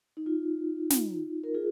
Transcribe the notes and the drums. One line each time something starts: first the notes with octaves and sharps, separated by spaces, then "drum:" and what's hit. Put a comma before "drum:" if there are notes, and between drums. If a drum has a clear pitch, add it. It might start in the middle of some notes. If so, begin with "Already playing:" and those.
D#4
F4
drum: snare
A#4
F4 G#4